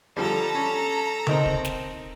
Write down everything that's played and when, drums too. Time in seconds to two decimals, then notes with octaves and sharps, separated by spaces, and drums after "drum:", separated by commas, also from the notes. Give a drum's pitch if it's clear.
0.17 D3 F3 G3 A4 A#5
0.55 C#4
1.27 C4 D#4 A#4, drum: tom C#3
1.46 drum: kick
1.65 drum: snare